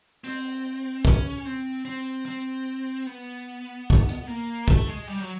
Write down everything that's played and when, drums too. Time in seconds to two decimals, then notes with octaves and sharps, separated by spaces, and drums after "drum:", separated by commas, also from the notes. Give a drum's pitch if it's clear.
0.24 C4, drum: open hi-hat
1.05 C#4, drum: kick
1.45 C4
1.85 C4
2.26 C4
3.07 B3
3.90 drum: kick
4.09 drum: hi-hat
4.27 A#3
4.68 A3, drum: kick
4.88 G#3
5.07 G3
5.20 F#3